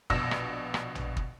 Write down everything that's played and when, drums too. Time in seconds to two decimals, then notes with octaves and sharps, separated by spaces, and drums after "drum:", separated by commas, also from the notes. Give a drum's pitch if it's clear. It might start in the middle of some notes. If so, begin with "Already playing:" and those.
0.10 A#1 B2 E6 A#6, drum: kick
0.31 drum: rim click
0.74 drum: rim click
0.95 drum: tom A1
1.17 drum: kick